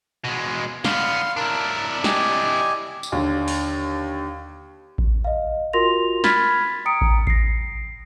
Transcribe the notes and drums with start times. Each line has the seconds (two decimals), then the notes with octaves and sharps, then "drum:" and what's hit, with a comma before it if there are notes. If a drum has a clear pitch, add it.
0.25 B2 G#3
0.85 D3 B3 F5 C6, drum: snare
1.37 D4 E4 A#4
2.04 G4 D#5 G#5, drum: snare
3.03 drum: tambourine
3.12 D#2 D3
3.48 drum: open hi-hat
4.98 drum: kick A1
5.24 D#5 F5
5.73 F4 F#4 A#4 C6 A#6 F7
6.24 B5 F6 G#6 A6 B6, drum: snare
6.85 G5 A#5 D#6 C#7 D7
7.01 drum: kick A1
7.27 A#6 C7, drum: kick A1